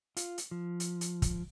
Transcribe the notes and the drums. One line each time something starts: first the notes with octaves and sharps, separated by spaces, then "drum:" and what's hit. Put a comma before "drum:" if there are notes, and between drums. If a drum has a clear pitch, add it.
F4, drum: hi-hat
drum: hi-hat
F3
drum: hi-hat
drum: hi-hat
drum: kick, hi-hat